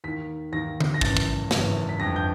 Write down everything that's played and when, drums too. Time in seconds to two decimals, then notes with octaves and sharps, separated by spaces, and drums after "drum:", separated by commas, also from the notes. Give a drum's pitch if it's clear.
0.04 D#2 D#3 B6
0.52 D#2 D#3 A#6
0.80 drum: tom D3
0.94 A#6
1.01 G#1 F#2 C#3 E3 A6, drum: kick
1.17 drum: kick
1.51 G#1 F#2 C#3 E3, drum: snare
1.89 B6
2.00 G1 F2 D3 A#6
2.16 G6